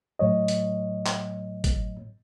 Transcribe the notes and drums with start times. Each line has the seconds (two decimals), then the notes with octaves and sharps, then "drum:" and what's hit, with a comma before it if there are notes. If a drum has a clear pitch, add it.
0.19 A2 F#3 C#5 D#5
0.48 drum: hi-hat
1.06 drum: clap
1.64 drum: kick, hi-hat